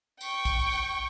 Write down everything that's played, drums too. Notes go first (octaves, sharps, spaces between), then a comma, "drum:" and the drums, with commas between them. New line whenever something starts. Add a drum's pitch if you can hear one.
G5 C#6, drum: tambourine
drum: kick, tambourine
drum: tambourine